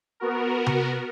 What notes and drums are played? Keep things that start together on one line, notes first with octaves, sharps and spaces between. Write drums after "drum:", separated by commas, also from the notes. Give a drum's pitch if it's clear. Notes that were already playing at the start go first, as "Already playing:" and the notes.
B3 F#4 A#4
drum: tom C3